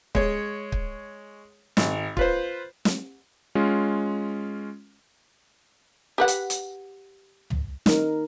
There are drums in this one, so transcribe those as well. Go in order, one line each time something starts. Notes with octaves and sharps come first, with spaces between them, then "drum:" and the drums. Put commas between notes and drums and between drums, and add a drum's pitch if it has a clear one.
G#3 C#5, drum: kick
drum: kick
G#1, drum: snare
F4 B4 C5, drum: kick
drum: snare
G#3 C#4 F4
G4 B4 F#5
drum: hi-hat
drum: hi-hat
drum: tom
D#4 A#4, drum: snare